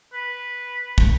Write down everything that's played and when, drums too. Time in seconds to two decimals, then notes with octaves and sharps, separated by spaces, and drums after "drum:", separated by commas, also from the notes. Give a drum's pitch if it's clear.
0.13 B4
0.98 drum: kick